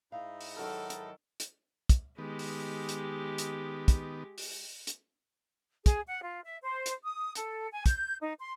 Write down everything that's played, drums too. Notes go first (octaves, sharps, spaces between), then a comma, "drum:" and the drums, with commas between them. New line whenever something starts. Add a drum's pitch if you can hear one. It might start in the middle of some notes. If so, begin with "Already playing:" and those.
G#2 D#4 E4 F5
drum: open hi-hat
D#3 F#3 A4 A#4
drum: hi-hat
drum: hi-hat
drum: kick, hi-hat
D#3 G#3 B3 G4
drum: open hi-hat
drum: hi-hat
drum: hi-hat
drum: kick, hi-hat
drum: open hi-hat
drum: hi-hat
G#4, drum: kick, hi-hat
F#5
F4
E5
C5
drum: hi-hat
D#6
A4, drum: hi-hat
G#5
G6, drum: kick, hi-hat
D#4
C6